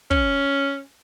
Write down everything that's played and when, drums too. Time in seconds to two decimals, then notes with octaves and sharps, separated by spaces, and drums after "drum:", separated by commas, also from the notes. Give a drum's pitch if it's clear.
0.11 C#4, drum: kick